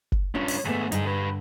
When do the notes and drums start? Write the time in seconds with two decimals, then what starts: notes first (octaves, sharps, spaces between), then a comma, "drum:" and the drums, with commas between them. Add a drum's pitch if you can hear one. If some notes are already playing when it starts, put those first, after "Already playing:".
0.12 drum: kick
0.35 G2 C#4 D4 F4
0.48 drum: open hi-hat
0.65 D#2 G#2 A3 B3
0.92 G2 D3 D4 D#4 G#4, drum: hi-hat
1.07 G4 B4